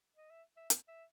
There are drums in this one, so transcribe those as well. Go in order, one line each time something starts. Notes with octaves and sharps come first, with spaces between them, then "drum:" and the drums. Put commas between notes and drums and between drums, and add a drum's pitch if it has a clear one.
D#5
E5
E5
drum: hi-hat
E5